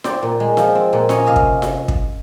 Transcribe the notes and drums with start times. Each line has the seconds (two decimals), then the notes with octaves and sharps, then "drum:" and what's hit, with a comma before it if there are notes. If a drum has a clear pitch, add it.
0.04 C4 C5 D5, drum: snare F4
0.22 A#2
0.40 G#3
0.57 F3, drum: snare F4
0.75 C4
0.93 A#2
1.09 C#4 C#5 D#5, drum: snare F4
1.26 C3 D#5 F5
1.36 drum: kick
1.62 drum: snare F4
1.88 drum: kick